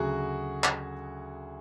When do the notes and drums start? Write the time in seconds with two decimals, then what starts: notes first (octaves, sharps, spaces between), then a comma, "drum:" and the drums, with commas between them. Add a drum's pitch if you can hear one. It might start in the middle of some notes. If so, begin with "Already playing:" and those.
Already playing: D2 C#3 F#3 F#4 G#4
0.64 drum: clap